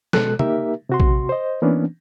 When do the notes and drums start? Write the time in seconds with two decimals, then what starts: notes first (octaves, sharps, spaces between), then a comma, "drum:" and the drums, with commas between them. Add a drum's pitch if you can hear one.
0.13 B2 G#3 A4 F#6, drum: snare
0.39 A#3 D#4 G4 A#4 E5, drum: tom
0.89 C3 F#4 C6
1.00 drum: kick A#1
1.29 C5 D#5
1.62 E3 A#3 B3 C#4 D4